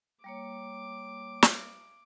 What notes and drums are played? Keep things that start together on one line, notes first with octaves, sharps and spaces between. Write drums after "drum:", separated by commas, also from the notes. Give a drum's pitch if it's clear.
G3 A#3 C#5 D6
drum: snare